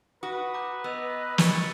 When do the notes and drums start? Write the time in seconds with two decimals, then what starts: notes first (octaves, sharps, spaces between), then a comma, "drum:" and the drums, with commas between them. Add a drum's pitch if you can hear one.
0.23 F#4 B4 D#6
0.54 A#5 D6 G6
0.84 B3 D#5 E6 G6 F7
1.38 C#6 A6 C#7 D#7, drum: snare